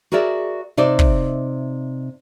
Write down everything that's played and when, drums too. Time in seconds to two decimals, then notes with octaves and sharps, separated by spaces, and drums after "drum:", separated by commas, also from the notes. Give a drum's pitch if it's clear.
0.12 F#4 G#4 A#4 D5 E5
0.77 C3 D#4 D5 E5
0.99 drum: kick